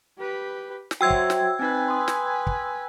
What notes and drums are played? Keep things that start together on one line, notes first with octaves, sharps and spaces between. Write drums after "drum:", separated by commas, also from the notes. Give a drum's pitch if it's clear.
G4 B4
drum: snare
F#3 F#4 C5 E5 G5 E6 G#6
drum: kick
drum: snare
C4 D#4 B4 G#5
C6 D#6
drum: snare
drum: kick